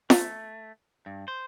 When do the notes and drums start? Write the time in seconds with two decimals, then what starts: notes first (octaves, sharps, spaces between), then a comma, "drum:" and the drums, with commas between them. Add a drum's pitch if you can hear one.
0.10 A3, drum: snare
1.06 G2
1.28 C5